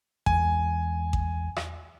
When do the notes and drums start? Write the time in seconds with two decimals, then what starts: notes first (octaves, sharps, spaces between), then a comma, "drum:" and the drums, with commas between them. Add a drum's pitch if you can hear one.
0.26 E2 G#3 G#5, drum: kick A1
1.13 drum: kick A1
1.56 drum: rim click